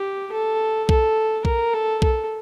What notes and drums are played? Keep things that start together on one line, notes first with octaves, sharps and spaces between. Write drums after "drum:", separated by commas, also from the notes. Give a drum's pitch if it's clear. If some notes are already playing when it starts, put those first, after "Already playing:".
Already playing: G4
A4
A4, drum: kick B1
A#4, drum: kick B1
A4
A4, drum: kick B1